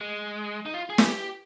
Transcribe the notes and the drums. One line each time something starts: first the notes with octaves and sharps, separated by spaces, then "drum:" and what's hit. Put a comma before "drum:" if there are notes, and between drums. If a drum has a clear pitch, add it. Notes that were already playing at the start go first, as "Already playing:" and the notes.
G#3
D#4
F4
G#4
G4, drum: snare